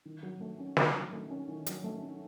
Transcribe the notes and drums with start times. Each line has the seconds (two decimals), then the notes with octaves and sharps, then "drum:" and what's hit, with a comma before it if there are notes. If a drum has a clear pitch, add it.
0.05 D#3
0.23 F#3
0.41 A3
0.59 C#4
0.77 D#3, drum: snare
0.95 F#3
1.12 A3
1.30 C#4
1.48 D#3
1.66 F#3, drum: hi-hat
1.84 A3
2.02 C#4